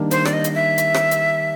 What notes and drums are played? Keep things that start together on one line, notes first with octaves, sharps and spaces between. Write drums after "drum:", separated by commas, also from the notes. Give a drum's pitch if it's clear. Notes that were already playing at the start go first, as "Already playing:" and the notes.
Already playing: D#3 G3 A#3 D4
C5, drum: hi-hat
D5, drum: rim click
D#5
drum: hi-hat
E5
drum: hi-hat
drum: rim click
drum: hi-hat